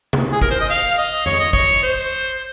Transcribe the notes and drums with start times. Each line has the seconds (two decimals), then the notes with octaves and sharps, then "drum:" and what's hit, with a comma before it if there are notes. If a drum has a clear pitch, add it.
0.13 drum: tom C3
0.32 G#4
0.42 A#4, drum: kick
0.51 C5
0.61 D#5
0.70 F5
0.98 D#5
1.26 C#5, drum: tom F2
1.40 D#5
1.53 C#5, drum: kick
1.83 C5